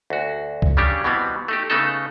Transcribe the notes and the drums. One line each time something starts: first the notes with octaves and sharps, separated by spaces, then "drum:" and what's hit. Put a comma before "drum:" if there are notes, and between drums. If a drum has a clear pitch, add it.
D2 F#4
drum: kick C2
C#3 G3 C#4 D4 G4
B2 E3 G3 B3 C4
A3 D#4 G4
C#3 A3 B3 D#4 A4